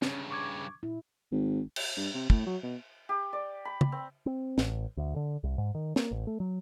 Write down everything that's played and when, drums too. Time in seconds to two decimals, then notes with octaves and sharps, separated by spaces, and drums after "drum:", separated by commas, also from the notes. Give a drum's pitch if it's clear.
0.02 G2 C#3 C#4, drum: snare
0.31 C#6 D6 G#6
0.83 A#2 E4
1.32 G#1
1.76 drum: cymbal
1.97 G2
2.14 C3
2.30 A2, drum: kick
2.46 F#3
2.63 B2
3.09 G4
3.33 D5
3.65 B5
3.81 drum: tom
3.92 C4
4.26 C4
4.58 A1, drum: snare
4.97 D2
5.16 D3
5.43 C2
5.58 G#2
5.75 D#3
5.96 A#3, drum: snare
6.11 A1
6.27 A3
6.40 F#3